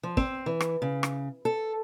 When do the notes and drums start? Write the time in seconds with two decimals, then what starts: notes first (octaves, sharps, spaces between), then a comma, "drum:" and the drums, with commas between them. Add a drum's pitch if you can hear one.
0.03 F3
0.17 C4, drum: kick
0.46 E3
0.60 drum: rim click
0.82 C#3
1.03 drum: rim click
1.45 A4